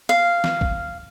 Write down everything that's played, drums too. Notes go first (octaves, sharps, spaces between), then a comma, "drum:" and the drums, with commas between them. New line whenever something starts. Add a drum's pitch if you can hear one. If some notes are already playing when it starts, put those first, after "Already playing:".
F5
drum: snare
drum: kick